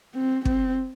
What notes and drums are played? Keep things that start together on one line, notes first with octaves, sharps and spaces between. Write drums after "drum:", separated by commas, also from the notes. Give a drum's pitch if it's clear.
C4
C4, drum: kick